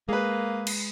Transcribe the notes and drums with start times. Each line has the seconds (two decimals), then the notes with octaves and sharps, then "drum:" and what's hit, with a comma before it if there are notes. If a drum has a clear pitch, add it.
0.08 G#3 A#3 G#4 B4
0.67 drum: cymbal